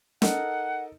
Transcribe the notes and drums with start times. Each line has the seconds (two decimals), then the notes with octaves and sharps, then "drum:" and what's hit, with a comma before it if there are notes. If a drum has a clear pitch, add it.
0.22 D#4 A4 A#4 F#5, drum: snare